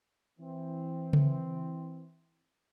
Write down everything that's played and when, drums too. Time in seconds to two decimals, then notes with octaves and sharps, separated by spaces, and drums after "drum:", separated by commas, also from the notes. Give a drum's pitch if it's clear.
0.39 E3 C4
1.13 drum: tom C#3